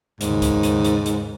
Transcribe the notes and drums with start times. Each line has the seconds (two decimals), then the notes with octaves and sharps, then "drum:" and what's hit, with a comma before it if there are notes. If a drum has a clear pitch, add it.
0.21 D#2 G#2 C#3, drum: hi-hat
0.42 drum: kick C2, hi-hat
0.63 drum: hi-hat
0.85 drum: hi-hat
1.06 drum: hi-hat